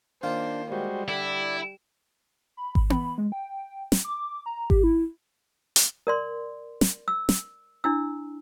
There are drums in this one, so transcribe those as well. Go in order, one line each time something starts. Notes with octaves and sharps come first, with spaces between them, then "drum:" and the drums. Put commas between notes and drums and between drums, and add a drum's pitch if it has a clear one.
D#3 A#3 D4 F4 C5
G3 G#3 F#4 C5
D3 E4 D5
B5
drum: kick G#1
B5, drum: tom B3
G#3
G5
drum: snare
D6
A#5
G4, drum: kick G#1
E4
drum: hi-hat
A#4 D5 C6
drum: snare
E6
drum: snare
D4 E4 E6